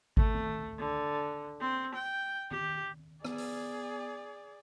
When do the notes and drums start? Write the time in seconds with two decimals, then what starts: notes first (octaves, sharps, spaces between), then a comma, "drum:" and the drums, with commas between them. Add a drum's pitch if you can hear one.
0.17 A3, drum: kick G#1
0.34 drum: tom D#3
0.78 D3
1.61 C4
1.95 G5
2.51 G4, drum: tom D#3
3.25 B3 G#4 D5, drum: rim click
3.38 drum: open hi-hat